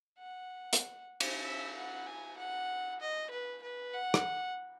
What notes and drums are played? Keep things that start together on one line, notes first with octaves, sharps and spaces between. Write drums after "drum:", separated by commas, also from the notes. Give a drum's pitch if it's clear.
F#5
drum: hi-hat
drum: cymbal
E5
F#5
G#5
F#5
D#5
B4
B4
F#5
drum: rim click